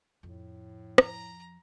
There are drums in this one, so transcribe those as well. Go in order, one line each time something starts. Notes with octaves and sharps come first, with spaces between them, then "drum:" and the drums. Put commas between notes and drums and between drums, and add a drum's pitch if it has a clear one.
F2 A2 F3
A#5, drum: rim click